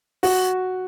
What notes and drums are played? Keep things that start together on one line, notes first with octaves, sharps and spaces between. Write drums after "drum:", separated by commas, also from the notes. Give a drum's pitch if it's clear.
F#4, drum: open hi-hat